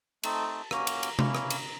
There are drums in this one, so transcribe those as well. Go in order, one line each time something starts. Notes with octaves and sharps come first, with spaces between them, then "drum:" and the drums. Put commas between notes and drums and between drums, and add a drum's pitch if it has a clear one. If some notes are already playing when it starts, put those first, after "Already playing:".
A3 C4 D#4 A5, drum: cymbal
A5
A#3 C#4 F#4 A#5, drum: rim click
drum: cymbal
drum: cymbal
A#3 C#4 E4, drum: tom C3
drum: rim click
drum: cymbal